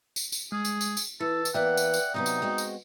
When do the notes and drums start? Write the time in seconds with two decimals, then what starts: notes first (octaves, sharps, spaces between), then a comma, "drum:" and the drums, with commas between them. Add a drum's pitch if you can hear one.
0.16 drum: tambourine
0.32 drum: tambourine
0.52 G#3 G#4
0.65 drum: tambourine
0.81 drum: tambourine
0.97 drum: tambourine
1.21 E3 E4 A4
1.45 drum: tambourine
1.54 E3 A#3 B3 D5 E5 F#5 G5
1.77 drum: tambourine
1.94 drum: tambourine
2.14 C3 F#3 B3 D#4
2.26 drum: tambourine
2.42 G#3 C4 F#4
2.58 drum: tambourine